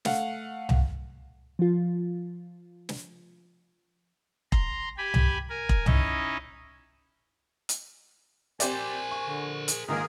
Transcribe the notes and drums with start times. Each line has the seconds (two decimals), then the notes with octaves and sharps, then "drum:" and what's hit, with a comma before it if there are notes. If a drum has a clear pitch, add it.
0.05 A3 F5 F#5, drum: snare
0.69 drum: tom C2
1.59 F3 F4
2.89 drum: snare
4.52 A#5 C6, drum: kick E1
4.98 G4 G#5 B5
5.14 drum: tom C2
5.50 A#4 G#5
5.69 drum: kick E1
5.86 C#4 D#4 E4 D#5, drum: tom C2
7.69 drum: hi-hat
8.60 C4 G4 A#4 C5 D5 G#5, drum: hi-hat
9.11 C#6
9.26 D3
9.68 G#4, drum: hi-hat
9.88 G#2 D#3 A#3 F4 G#4 A#4